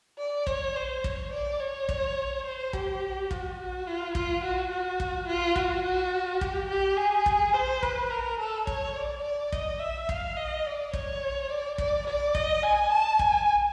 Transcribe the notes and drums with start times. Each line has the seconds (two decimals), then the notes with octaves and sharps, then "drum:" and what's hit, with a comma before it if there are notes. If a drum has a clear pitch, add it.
0.19 D5
0.47 C#5, drum: kick
0.76 C5
1.04 C#5, drum: kick
1.32 D5
1.60 C#5
1.89 drum: kick
2.46 C5
2.73 G4, drum: kick
3.31 F#4, drum: kick
3.59 F#4
3.87 F4
4.15 F4, drum: kick
4.44 F#4
4.71 F#4
5.00 drum: kick
5.28 F4
5.56 F#4, drum: kick
5.85 F#4
6.41 G4, drum: kick
6.69 G4
6.97 G#4
7.26 drum: kick
7.54 C5
7.83 B4, drum: kick
8.11 A#4
8.39 A4
8.67 C#5, drum: kick
8.96 D5
9.23 D5
9.52 D#5, drum: kick
9.80 E5
10.09 F5, drum: kick
10.37 D#5
10.66 D5
10.93 C#5, drum: kick
11.50 D5
11.78 D5, drum: kick
12.07 D5
12.35 D#5, drum: kick
12.63 G#5
12.92 A5
13.19 G#5, drum: kick